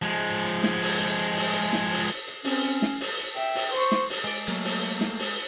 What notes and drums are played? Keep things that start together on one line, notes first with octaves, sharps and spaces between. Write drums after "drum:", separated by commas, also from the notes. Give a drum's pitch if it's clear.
F3 G#3
drum: hi-hat
drum: snare
drum: open hi-hat
drum: hi-hat
drum: hi-hat
drum: open hi-hat
drum: hi-hat
drum: snare
drum: open hi-hat
drum: hi-hat
drum: hi-hat
C4 C#4, drum: open hi-hat
drum: hi-hat
drum: snare
drum: open hi-hat
drum: hi-hat
E5 G5, drum: hi-hat
drum: open hi-hat
C5 C#6, drum: hi-hat
drum: snare
drum: open hi-hat
G#3 D5
F#3 A3 A#3, drum: hi-hat
drum: open hi-hat
drum: hi-hat
drum: snare
drum: open hi-hat